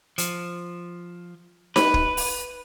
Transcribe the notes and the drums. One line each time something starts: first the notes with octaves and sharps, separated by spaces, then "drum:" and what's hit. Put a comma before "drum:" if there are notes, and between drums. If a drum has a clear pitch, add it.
F3, drum: hi-hat
B4, drum: snare D#4
drum: kick
drum: open hi-hat